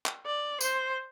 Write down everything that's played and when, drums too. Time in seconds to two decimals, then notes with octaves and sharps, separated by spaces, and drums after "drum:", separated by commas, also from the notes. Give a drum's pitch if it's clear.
0.06 drum: clap
0.26 D5
0.61 C5, drum: tambourine